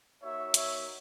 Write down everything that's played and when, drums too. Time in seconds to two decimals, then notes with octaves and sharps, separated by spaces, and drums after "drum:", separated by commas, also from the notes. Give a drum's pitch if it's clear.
0.21 A#3 D#4 F#4 C#5 E5
0.54 C#5 E5, drum: hi-hat